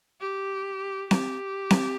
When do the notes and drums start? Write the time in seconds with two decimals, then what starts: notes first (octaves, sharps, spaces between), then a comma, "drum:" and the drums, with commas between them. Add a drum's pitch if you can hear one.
0.21 G4
1.11 G4, drum: snare C4
1.70 drum: snare C4